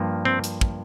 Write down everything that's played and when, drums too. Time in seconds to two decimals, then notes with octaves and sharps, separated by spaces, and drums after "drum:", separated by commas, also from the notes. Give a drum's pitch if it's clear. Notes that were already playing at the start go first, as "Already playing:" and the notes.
Already playing: G2 F3 A#3
0.25 C4
0.44 drum: hi-hat
0.61 drum: kick